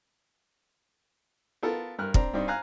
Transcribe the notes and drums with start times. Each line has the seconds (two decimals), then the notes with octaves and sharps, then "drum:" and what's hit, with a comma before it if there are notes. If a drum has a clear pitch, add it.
1.63 B3 F4 A4 A#4
1.98 G2 A#4 F6 F#6
2.14 C4 D4 A#5, drum: kick
2.34 G2 C4 D4 D#4
2.48 F5 G#5 A#5 F#6